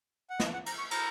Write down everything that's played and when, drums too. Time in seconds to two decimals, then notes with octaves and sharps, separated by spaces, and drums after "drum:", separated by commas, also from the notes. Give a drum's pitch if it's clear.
0.30 F#5
0.40 D#5, drum: snare
0.53 F#5
0.66 A#5, drum: cymbal
0.78 C#6
0.91 A#5, drum: cymbal